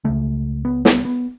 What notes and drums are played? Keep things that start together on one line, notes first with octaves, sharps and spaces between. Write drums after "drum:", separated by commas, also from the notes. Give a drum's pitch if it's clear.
C#2 C#3 A3
B3
B3, drum: snare
B3